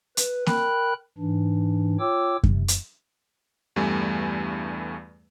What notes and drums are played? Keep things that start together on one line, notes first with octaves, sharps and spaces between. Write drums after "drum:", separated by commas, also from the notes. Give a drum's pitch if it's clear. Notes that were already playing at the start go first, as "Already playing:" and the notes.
B4, drum: hi-hat
A#4 G5 B5 F#6, drum: snare A#3
G#2 E3 D4
F4 C#5 G5 D6 E6
C3, drum: kick F#2
drum: hi-hat
E2 G2 G3 A3 G#5